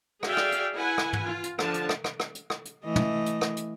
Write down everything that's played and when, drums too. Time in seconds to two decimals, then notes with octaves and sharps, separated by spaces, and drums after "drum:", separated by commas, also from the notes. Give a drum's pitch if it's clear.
0.23 F#4 G#4 D5 E5 F5 G5, drum: rim click
0.37 drum: rim click
0.52 drum: hi-hat
0.75 E4 B4 F#5 G#5
0.98 drum: rim click
1.13 drum: tom
1.24 F4
1.43 drum: hi-hat
1.59 D3 F3 A5, drum: rim click
1.74 drum: hi-hat
1.89 drum: rim click
2.04 drum: rim click
2.20 drum: rim click
2.35 drum: hi-hat
2.50 drum: rim click
2.65 drum: hi-hat
2.84 E3 A3 D#5
2.96 drum: tom
3.26 drum: hi-hat
3.41 drum: rim click
3.57 drum: hi-hat